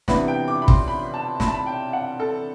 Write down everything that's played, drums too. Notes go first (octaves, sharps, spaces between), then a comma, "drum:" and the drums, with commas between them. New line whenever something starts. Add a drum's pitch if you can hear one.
C3 E3 B3 D4 B5, drum: snare
G5
D6
B5
C6, drum: kick
B5
A5
B5, drum: snare
A5
B5
G5
F#5
A4